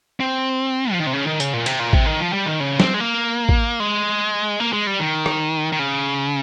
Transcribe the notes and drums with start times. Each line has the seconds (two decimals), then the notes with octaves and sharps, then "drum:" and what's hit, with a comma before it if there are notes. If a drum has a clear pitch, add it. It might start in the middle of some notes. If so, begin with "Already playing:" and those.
0.20 C4
0.93 F3
1.00 D#3
1.07 C3
1.13 C#3
1.27 D#3
1.40 C#3, drum: hi-hat
1.53 A#2
1.66 C3, drum: cymbal
1.79 A#2
1.93 C3, drum: kick A1
2.06 D#3
2.20 F3
2.33 G3
2.46 D#3
2.60 C#3
2.80 C4, drum: snare F#3
2.94 G#3
3.00 A#3
3.49 drum: kick A1
3.80 G#3
4.60 A#3
4.73 G#3
4.87 G3
5.00 D#3
5.26 drum: rim click
5.72 D#3
5.79 C#3